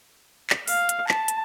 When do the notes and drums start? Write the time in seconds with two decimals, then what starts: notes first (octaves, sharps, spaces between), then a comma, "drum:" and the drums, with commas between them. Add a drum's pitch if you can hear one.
0.50 drum: clap
0.68 F5, drum: open hi-hat
0.89 drum: hi-hat
1.09 A5, drum: clap
1.28 drum: hi-hat